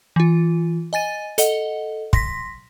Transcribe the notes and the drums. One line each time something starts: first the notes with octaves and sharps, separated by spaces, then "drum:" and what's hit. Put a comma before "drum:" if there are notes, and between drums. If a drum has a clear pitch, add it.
E3 F4
D#5 G#5 A6 D#7
A4 D#5 F#5, drum: hi-hat
C6 A#6 B6, drum: kick